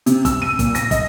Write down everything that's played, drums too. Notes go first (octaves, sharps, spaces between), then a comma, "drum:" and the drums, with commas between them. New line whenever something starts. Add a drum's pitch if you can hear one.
C3, drum: hi-hat
E6, drum: kick, hi-hat
D#7
A#2, drum: kick, hi-hat
A#6, drum: hi-hat
D#5, drum: kick, hi-hat